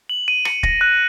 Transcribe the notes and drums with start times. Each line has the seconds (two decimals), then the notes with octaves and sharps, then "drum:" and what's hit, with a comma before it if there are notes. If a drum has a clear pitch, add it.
0.09 F#7
0.28 D#7
0.45 C#7, drum: rim click
0.63 A#6, drum: kick
0.81 F#6